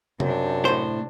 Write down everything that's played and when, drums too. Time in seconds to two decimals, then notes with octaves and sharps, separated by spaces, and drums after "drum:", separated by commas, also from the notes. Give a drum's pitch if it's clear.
0.20 F#2 C3 D4, drum: tom C3
0.65 A2 C5